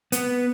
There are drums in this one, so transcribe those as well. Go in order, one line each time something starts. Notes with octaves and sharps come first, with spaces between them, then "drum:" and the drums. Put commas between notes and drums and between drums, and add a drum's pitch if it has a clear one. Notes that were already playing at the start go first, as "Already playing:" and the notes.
B3, drum: hi-hat